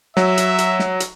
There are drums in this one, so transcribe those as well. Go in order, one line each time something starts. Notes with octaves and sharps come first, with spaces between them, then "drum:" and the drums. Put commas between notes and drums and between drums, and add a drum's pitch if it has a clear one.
F#3 E5, drum: snare
drum: hi-hat
drum: hi-hat
drum: snare
drum: hi-hat